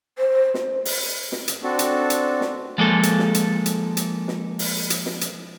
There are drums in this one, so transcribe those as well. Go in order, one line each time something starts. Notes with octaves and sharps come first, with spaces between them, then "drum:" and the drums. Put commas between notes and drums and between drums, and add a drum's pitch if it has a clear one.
C5
drum: snare
drum: open hi-hat
drum: snare
drum: hi-hat
C4 D4 F#4 A4
drum: hi-hat
drum: hi-hat
drum: snare
F3 G#3 A#3 A4
drum: hi-hat
drum: snare
drum: hi-hat
drum: hi-hat
drum: hi-hat
drum: snare
drum: open hi-hat
drum: hi-hat
drum: snare
drum: hi-hat